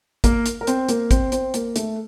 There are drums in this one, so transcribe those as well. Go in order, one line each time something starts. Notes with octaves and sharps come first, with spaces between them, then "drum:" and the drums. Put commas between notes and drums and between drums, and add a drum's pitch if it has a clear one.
A#3 A#4, drum: kick, hi-hat
drum: hi-hat
A#4
C4 C5, drum: hi-hat
A#3 A#4, drum: hi-hat
C4 C5, drum: kick, hi-hat
C4 C5, drum: hi-hat
A#3 A#4, drum: hi-hat
A3 A4, drum: hi-hat